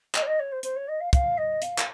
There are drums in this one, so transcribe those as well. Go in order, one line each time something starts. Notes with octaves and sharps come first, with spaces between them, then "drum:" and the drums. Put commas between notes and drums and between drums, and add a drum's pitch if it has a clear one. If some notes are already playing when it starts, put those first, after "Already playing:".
D#5, drum: clap
C#5
D#5
C#5
C5
C5, drum: hi-hat
C#5
D#5
F5
F5, drum: kick, hi-hat
D#5
F5, drum: hi-hat
drum: clap